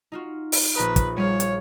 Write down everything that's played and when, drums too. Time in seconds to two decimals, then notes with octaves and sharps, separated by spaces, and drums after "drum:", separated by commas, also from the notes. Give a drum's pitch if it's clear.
0.12 D#4 F4 F#4
0.52 drum: open hi-hat
0.75 A#1 B4 A#5 D#6
0.96 drum: kick, hi-hat
1.18 G3 G#4 C#5 F5
1.40 drum: hi-hat